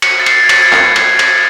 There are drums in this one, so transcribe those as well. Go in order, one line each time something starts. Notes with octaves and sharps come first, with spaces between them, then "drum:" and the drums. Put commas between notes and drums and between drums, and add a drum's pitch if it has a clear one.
C#7, drum: cymbal
A6
C7, drum: cymbal
G#6
A6, drum: cymbal
G#6
drum: clap
drum: cymbal
drum: cymbal